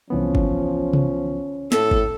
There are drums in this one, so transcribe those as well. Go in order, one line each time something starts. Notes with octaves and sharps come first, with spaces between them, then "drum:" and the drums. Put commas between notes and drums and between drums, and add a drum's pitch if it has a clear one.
C2 E3 F3 B3 C#4
drum: kick G1
drum: tom C3
A2 A4, drum: snare
drum: kick G1